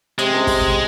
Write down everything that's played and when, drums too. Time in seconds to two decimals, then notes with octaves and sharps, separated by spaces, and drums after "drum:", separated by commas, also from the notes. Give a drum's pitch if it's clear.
0.19 C3 G#3, drum: hi-hat
0.33 drum: snare C#4
0.47 drum: kick, open hi-hat
0.61 drum: kick